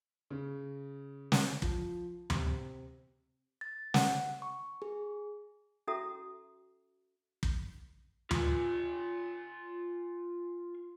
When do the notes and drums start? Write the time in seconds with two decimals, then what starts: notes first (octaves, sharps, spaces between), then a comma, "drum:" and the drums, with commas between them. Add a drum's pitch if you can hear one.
0.30 C#3
1.32 drum: snare
1.62 F3, drum: kick
2.30 C3, drum: tom D2
3.61 A6
3.94 F#5, drum: snare
4.42 C#6
4.82 G#4
5.87 C#4 F#4 A4 E5 A#5 D#6
7.43 drum: kick
8.31 F4 G#5, drum: tom D2